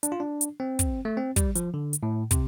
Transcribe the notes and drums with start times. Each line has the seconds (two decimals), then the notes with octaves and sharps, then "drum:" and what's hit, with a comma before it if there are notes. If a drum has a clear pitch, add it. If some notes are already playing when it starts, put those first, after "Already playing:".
0.03 D4, drum: hi-hat
0.12 F4
0.20 D4
0.41 drum: hi-hat
0.60 C4
0.79 drum: kick, hi-hat
1.05 A3
1.17 C4
1.36 G3, drum: kick, hi-hat
1.55 F3, drum: hi-hat
1.74 D3
1.93 drum: hi-hat
2.03 A2
2.31 C3, drum: kick, hi-hat